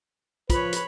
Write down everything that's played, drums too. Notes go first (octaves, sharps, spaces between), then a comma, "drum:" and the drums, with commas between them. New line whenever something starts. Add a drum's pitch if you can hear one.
F3 B4 C#5 B5, drum: kick, hi-hat
drum: hi-hat